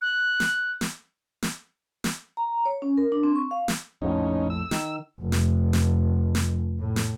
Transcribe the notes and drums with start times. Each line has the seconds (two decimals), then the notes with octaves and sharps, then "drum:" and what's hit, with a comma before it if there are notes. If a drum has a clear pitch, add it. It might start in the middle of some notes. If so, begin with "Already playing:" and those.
0.02 F#6
0.40 drum: snare
0.81 drum: snare
1.42 drum: snare
2.04 drum: snare
2.37 A#5
2.66 C#5
2.82 C#4
2.97 A#4
3.12 D4
3.23 C4
3.36 C#6
3.51 F5
3.68 drum: snare
4.02 A#1 F2 A2 C#4 D#4
4.50 E6
4.71 D#3, drum: snare
5.20 F1
5.32 drum: snare
5.73 drum: snare
6.35 drum: snare
6.79 A2
6.96 drum: snare